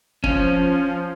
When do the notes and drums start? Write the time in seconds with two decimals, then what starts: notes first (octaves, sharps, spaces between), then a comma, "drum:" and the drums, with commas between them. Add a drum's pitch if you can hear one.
0.24 F3 C#4, drum: kick